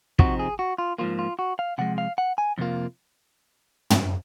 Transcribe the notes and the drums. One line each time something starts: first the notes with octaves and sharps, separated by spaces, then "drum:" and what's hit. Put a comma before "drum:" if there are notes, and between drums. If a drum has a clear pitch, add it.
C3 F3 C4 D#4 F#4, drum: kick
G#4
F#4
F4
G#2 F3 A#3 F4
F4
F#4
F5
C3 F3 G#3 F#5
F5
F#5
G#5
F2 C3 A#3 F4
drum: tom